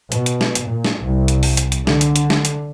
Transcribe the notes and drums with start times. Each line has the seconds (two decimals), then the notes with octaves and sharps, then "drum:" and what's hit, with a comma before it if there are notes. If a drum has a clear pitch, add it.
0.12 B2, drum: hi-hat
0.26 drum: hi-hat
0.41 drum: snare
0.55 drum: hi-hat
0.66 A#2
0.85 drum: snare
1.05 C2
1.28 drum: hi-hat
1.43 drum: open hi-hat
1.57 drum: hi-hat
1.72 drum: hi-hat
1.87 D3, drum: snare
2.01 drum: hi-hat
2.16 drum: hi-hat
2.30 drum: snare
2.45 drum: hi-hat